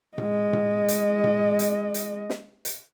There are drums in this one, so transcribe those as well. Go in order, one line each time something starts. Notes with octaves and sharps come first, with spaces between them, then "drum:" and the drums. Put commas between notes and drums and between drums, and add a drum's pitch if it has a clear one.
G#3 D#5, drum: tom A2
drum: tom A2
drum: hi-hat
drum: tom A2
drum: hi-hat
drum: hi-hat
drum: snare
drum: hi-hat